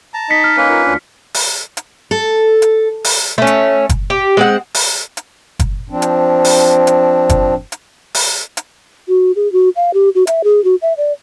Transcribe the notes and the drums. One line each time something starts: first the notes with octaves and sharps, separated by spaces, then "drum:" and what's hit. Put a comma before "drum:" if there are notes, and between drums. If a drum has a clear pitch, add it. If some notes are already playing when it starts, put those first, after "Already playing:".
A5 A#5
D#4 D#5 B6 C#7
F6
A#3 C#4 B4
D#4 F4 A#4
D2 D4 F4
drum: open hi-hat
drum: hi-hat
A4
drum: hi-hat
drum: open hi-hat
A3 C#4
drum: hi-hat
drum: kick F#1, hi-hat
G4
G#3 C4 F#5
drum: open hi-hat
drum: hi-hat
drum: kick F#1, hi-hat
F3 C4 D4
drum: hi-hat
drum: open hi-hat
drum: hi-hat
drum: kick F#1, hi-hat
drum: hi-hat
drum: open hi-hat
drum: hi-hat
F#4
G#4
F#4
F5
G4
F#4
E5, drum: hi-hat
G#4
F#4
E5
D5